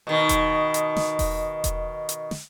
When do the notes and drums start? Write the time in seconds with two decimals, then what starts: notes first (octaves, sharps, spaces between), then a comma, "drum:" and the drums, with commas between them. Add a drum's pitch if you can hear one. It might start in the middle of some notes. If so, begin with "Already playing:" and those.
0.07 B2 D#3
0.29 drum: kick E1, hi-hat
0.74 drum: hi-hat
0.97 drum: snare
1.19 drum: kick E1, open hi-hat
1.64 drum: kick E1, hi-hat
2.09 drum: hi-hat
2.31 drum: snare